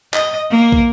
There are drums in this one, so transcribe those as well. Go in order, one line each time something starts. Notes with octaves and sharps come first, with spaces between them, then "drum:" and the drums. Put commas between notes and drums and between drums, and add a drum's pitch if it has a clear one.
D#5, drum: clap
A#3
drum: kick